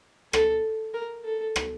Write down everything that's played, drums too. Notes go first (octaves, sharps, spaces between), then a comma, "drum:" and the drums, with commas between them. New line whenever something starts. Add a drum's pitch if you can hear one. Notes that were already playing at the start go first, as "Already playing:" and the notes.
A4, drum: rim click
A#4
A4
drum: rim click